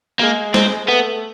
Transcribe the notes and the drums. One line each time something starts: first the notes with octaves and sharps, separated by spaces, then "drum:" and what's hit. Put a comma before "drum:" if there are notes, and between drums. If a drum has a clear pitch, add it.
G#3 A#3
C4, drum: snare
A3 B3